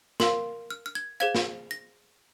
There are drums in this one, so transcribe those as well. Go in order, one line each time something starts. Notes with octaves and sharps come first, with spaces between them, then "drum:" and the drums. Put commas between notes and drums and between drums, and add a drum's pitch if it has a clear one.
A#4 F5 C6, drum: snare
F6
F6
G#6
G#4 C5 F5 G#6
drum: snare
A#6